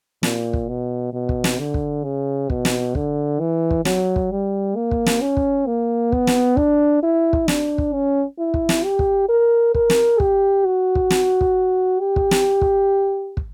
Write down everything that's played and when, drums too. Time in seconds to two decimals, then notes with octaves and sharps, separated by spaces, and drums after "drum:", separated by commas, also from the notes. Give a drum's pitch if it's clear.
0.23 A#2, drum: snare
0.53 drum: kick
0.69 B2
1.13 B2
1.29 drum: kick
1.44 drum: snare
1.59 D3
1.74 drum: kick
2.04 C#3
2.50 B2, drum: kick
2.65 drum: snare
2.95 D3, drum: kick
3.40 E3
3.71 drum: kick
3.85 F#3, drum: snare
4.16 drum: kick
4.31 G3
4.76 A#3
4.91 drum: kick
5.06 drum: snare
5.21 C#4
5.37 drum: kick
5.66 A#3
6.12 B3, drum: kick
6.27 drum: snare
6.57 D4, drum: kick
7.03 E4
7.33 drum: kick
7.48 D4, drum: snare
7.78 drum: kick
7.93 C#4
8.39 E4
8.54 drum: kick
8.69 drum: snare
8.84 G4
8.99 drum: kick
9.29 A#4
9.74 A#4, drum: kick
9.90 drum: snare
10.20 G4, drum: kick
10.66 F#4
10.95 drum: kick
11.10 drum: snare
11.41 drum: kick
12.01 G4
12.16 drum: kick
12.31 drum: snare
12.61 drum: kick
13.37 drum: kick